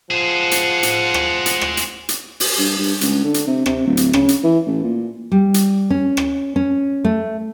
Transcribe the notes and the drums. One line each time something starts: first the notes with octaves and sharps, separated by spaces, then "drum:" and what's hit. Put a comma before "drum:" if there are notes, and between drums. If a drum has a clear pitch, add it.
F3 G#4 C5 F#5
drum: hi-hat
drum: hi-hat
drum: rim click
drum: hi-hat
drum: rim click
drum: hi-hat
drum: hi-hat
drum: open hi-hat
G2
G2
C#2, drum: hi-hat
D3
drum: hi-hat
C3
C3, drum: rim click
D1
drum: hi-hat
C#3, drum: rim click
drum: hi-hat
E3
A1
A#2
G3
drum: hi-hat
C#4
drum: rim click
C#4
A3